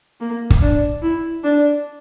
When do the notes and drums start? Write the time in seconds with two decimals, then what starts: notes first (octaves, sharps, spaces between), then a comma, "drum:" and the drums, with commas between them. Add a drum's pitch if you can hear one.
0.21 A#3
0.50 drum: kick
0.61 D4
1.02 E4
1.44 D4